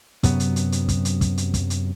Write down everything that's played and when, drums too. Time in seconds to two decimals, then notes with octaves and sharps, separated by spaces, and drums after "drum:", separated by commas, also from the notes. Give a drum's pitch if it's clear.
0.23 F#2 C3 F#3 B3, drum: kick, hi-hat
0.40 drum: hi-hat
0.56 drum: hi-hat
0.72 drum: hi-hat
0.89 drum: kick, hi-hat
1.05 drum: hi-hat
1.21 drum: kick, hi-hat
1.38 drum: hi-hat
1.54 drum: kick, hi-hat
1.70 drum: hi-hat